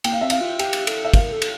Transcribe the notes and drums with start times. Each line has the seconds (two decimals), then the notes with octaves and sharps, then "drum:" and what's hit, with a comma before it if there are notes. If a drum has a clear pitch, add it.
0.04 A#3 G5, drum: cymbal
0.12 F5
0.21 C4 E5
0.30 F5, drum: cymbal
0.41 F4
0.59 G4 G5, drum: cymbal
0.73 drum: cymbal
0.87 A4, drum: cymbal
1.05 E5
1.14 A#4 F5, drum: kick, cymbal
1.32 A4
1.42 drum: cymbal